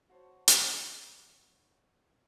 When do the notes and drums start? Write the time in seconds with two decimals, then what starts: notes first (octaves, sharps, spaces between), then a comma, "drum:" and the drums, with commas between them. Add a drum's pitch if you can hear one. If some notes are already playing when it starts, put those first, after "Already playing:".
0.09 F#4 C5 C#5 A5
0.48 drum: hi-hat